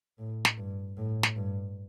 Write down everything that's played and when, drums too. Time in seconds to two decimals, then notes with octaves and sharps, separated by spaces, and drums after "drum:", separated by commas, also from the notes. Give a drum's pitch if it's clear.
0.18 A2
0.45 drum: snare
0.57 G2
0.97 A2
1.23 drum: snare
1.36 G2